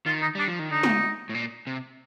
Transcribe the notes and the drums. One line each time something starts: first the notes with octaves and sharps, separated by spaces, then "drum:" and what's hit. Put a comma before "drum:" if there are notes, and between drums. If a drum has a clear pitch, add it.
D#3 F4
D#4
G3 D4
F3
D#3
D3 D#4
drum: snare G#3
A2
A#2
C3